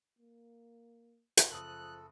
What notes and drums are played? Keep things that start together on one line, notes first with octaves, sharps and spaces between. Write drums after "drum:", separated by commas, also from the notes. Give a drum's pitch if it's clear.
A#3
drum: hi-hat
F#1 F3 A4 D#6 F#6